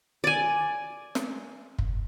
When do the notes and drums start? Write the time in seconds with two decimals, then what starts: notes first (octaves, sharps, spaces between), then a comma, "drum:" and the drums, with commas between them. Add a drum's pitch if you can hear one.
0.24 D5 G#5
1.15 drum: snare
1.79 drum: kick